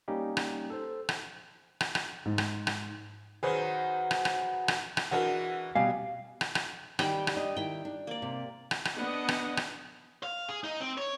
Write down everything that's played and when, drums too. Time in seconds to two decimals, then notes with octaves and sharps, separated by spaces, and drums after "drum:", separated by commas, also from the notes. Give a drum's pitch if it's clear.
0.08 G3 A#3 C#4 D#4 G4
0.37 drum: rim click
0.70 A4 C5
1.09 drum: rim click
1.81 drum: rim click
1.95 drum: rim click
2.25 G#2
2.38 drum: rim click
2.67 drum: rim click
3.43 D#3 F#3 G#4 B4 C5
4.11 drum: rim click
4.25 drum: rim click
4.68 drum: rim click
4.97 drum: rim click
5.11 E3 G#3 D4 F#4 A#4 F#5
5.75 B2 G3 F5 G#5
6.41 drum: rim click
6.55 drum: rim click
6.99 D#3 G3 G5 D6, drum: rim click
7.27 drum: rim click
7.36 D4 D#5
7.57 D#3 E4 G5
7.85 D4
8.07 A#3 D5
8.22 C3
8.71 drum: rim click
8.85 drum: rim click
8.95 B3 D4 D#5 F#5
9.28 drum: rim click
9.57 drum: rim click
10.23 F5
10.49 G#4
10.64 D#4
10.80 C4
10.98 C#5